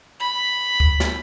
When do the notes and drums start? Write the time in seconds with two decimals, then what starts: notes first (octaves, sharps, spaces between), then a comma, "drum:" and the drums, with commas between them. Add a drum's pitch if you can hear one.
0.20 B5
0.80 drum: kick D2
1.00 drum: snare